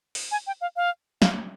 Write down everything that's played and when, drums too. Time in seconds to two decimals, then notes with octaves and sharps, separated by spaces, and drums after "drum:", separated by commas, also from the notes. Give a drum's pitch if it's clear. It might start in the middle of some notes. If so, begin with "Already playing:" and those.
0.15 drum: open hi-hat
0.31 G#5
0.47 G5
0.61 F5
0.76 F5
1.22 F5, drum: snare